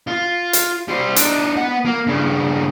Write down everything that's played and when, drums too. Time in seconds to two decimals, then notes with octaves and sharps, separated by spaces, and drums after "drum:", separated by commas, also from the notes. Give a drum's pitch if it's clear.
0.08 F4
0.53 drum: hi-hat
0.88 G3 C5
1.16 D4 D#4, drum: hi-hat
1.56 B3 F#5
1.85 A#3
2.07 G2 C#3